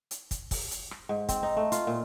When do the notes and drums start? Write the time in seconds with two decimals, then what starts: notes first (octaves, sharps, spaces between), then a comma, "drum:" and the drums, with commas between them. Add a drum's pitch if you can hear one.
0.11 drum: hi-hat
0.31 drum: kick, hi-hat
0.51 drum: kick, open hi-hat
0.71 drum: hi-hat
0.91 drum: rim click
1.09 G#2
1.29 C4, drum: kick, hi-hat
1.43 D#4
1.57 A3
1.72 F4, drum: hi-hat
1.87 A#2